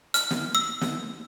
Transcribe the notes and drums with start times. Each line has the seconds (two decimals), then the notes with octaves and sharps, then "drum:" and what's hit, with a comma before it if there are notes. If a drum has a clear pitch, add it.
0.14 F6, drum: hi-hat
0.31 drum: snare
0.55 E6
0.81 drum: snare